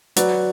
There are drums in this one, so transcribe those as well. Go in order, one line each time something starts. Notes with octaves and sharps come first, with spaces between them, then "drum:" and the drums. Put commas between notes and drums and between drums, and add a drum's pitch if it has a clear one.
F#3 B4 D5, drum: hi-hat